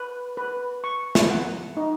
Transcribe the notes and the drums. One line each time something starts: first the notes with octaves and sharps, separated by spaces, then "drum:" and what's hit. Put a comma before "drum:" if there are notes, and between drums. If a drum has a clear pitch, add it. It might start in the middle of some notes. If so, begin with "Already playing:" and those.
Already playing: B4
B4
C#6
drum: snare
F#5
D#4